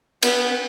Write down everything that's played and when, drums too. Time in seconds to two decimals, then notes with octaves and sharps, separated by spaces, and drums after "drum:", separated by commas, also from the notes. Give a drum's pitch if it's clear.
0.23 B3, drum: cymbal